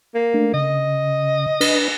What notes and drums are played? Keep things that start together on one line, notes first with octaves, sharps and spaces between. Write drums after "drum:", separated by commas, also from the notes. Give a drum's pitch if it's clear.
A#3
A3 D4
C#3 D#5
D4 B4, drum: cymbal